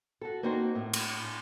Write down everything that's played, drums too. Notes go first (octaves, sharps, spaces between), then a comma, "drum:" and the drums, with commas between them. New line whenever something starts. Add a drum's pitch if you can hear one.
F#4 A4
A#3 C4 D#4 F#4 C5
A2
drum: cymbal